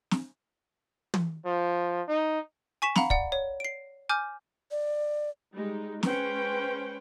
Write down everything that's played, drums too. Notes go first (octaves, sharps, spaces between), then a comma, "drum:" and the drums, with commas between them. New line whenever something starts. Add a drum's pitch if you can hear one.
drum: snare
drum: tom
F3
D#4
G#5 C#6 B6 E7
F5 F#5 A#5 B5, drum: snare
D5 F#5, drum: kick
C#5
C7 D7
G#5 D6 F6 G6
D5
G3 G#3 D#4
G#3 C#4 B4 C5 G5, drum: snare